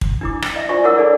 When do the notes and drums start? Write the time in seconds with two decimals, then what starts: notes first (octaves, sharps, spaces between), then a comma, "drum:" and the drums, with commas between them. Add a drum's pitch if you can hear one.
0.01 drum: kick
0.21 D4 E4 D6
0.42 G5, drum: rim click
0.56 D#5 E5
0.69 D4 F4 C5 D5 G#5 C#6
0.84 E4 A#4 C#5 F#5 D6 E6
0.98 D4 D#4 G#4 A4 D5